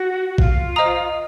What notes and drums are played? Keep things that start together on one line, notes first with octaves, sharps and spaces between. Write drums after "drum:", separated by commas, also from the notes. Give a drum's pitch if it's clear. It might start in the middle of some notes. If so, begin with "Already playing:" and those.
Already playing: F#4
F#4
F4, drum: kick
C5 D#5 A#5 D#6